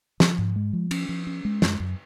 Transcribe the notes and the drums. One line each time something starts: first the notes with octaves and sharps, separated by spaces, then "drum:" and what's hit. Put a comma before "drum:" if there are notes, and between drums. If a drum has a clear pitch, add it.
F3, drum: snare
G#2
G#3
F3
C#4, drum: cymbal
F3
C#4
G#3
F#2, drum: snare
F#2